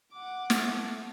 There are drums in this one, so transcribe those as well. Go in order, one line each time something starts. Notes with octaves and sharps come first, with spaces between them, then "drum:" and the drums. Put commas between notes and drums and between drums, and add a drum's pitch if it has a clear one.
F#5 D6
drum: snare
A3